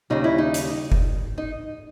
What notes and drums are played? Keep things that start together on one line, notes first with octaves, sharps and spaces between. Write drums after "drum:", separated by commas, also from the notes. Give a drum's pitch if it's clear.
D#2 C#3 G3 D#4
E4
D#4
drum: hi-hat
drum: kick F#1
D#4